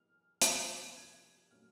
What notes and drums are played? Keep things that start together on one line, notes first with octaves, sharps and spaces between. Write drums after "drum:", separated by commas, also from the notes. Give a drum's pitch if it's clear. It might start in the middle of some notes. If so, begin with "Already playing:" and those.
Already playing: F3 F6
C3 F3 A#3 D4 F#6, drum: hi-hat
G#6
A#2 F#3 A3 C#4 F6